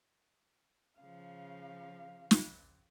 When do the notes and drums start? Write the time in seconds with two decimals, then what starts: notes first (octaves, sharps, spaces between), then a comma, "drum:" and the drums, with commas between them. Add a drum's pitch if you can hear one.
1.00 C#3 F3 F5
2.31 drum: snare